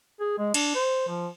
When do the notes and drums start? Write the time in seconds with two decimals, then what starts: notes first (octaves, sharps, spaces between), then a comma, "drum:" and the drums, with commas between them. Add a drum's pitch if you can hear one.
0.20 G#4
0.38 G#3
0.54 D4, drum: cymbal
0.75 C5
1.08 F3